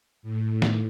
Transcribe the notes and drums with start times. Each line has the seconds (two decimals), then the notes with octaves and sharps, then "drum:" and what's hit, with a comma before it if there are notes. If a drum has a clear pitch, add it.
0.23 A2
0.62 drum: snare